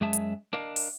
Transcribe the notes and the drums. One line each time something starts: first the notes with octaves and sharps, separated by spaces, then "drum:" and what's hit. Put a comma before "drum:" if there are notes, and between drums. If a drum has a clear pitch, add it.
F#2 G#3 G#4 E5 A5
drum: hi-hat
D4 A#4 D#5 F5
drum: open hi-hat